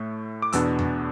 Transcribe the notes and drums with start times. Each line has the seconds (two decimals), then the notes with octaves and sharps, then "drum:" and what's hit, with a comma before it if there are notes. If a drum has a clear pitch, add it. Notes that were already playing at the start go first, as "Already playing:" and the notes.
Already playing: A2 A3
0.42 D6
0.53 E2 B2 B3 D4 E6, drum: hi-hat
0.79 drum: tom E2